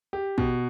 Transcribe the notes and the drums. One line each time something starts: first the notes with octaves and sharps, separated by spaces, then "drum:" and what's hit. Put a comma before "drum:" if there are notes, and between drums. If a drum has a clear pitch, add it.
G4
B2, drum: kick